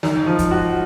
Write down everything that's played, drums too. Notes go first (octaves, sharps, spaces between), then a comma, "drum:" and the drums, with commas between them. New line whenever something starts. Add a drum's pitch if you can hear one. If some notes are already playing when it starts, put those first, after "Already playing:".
D#4, drum: snare
F3
drum: kick, hi-hat
F#4